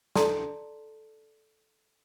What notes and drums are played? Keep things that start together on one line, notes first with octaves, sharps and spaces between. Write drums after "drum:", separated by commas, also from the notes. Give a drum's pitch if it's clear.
A4 D5 A5 A#5 C6, drum: snare